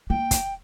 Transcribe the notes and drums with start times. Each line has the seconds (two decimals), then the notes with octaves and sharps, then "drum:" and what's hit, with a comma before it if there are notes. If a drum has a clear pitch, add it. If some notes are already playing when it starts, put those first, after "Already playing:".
0.09 A#3 G5
0.31 drum: kick, hi-hat